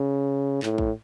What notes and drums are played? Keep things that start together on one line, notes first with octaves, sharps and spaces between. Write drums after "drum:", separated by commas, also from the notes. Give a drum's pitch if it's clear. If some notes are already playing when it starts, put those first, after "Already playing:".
Already playing: C#3
A2, drum: clap
drum: kick